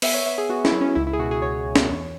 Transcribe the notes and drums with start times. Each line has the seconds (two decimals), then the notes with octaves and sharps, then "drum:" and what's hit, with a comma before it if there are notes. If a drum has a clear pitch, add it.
0.02 B3 E5, drum: open hi-hat
0.14 C#5
0.26 B3 E5
0.38 G#4
0.49 B3 F#4
0.65 E4, drum: snare
0.72 F#3
0.81 C#4
0.95 C#2 E4
1.07 E4
1.13 G#4
1.19 B2 F#4
1.31 G#4
1.42 C#2 C#5
1.65 C#2
1.76 drum: snare
1.88 E2